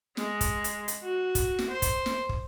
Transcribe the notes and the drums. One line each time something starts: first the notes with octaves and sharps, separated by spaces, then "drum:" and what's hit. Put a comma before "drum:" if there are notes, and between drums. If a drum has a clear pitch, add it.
G#3, drum: snare
drum: kick, hi-hat
drum: hi-hat
drum: hi-hat
F#4
drum: kick, hi-hat
drum: snare
C5
drum: kick, hi-hat
drum: snare
drum: kick